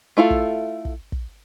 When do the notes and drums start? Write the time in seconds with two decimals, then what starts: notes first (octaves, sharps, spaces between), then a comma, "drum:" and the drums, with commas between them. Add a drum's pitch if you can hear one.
0.17 A3 E4 F4 A4
0.30 drum: kick
0.85 drum: kick
1.12 drum: kick